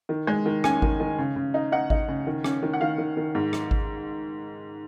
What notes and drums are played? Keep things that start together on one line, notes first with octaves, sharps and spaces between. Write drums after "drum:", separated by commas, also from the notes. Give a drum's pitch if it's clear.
D#3
G#3
D#3
C#4 G#5, drum: rim click
D#3, drum: kick G#1
D#3
C#3
C#3
D#4
D#4 F#5
D#4, drum: kick G#1
C#3
D#3
C#4, drum: rim click
D#3
F#5
D#3 F5
D#3
D#3
G#2
drum: rim click
drum: kick G#1